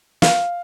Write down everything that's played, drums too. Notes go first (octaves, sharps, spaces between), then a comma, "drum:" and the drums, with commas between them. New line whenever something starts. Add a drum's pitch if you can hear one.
F5, drum: snare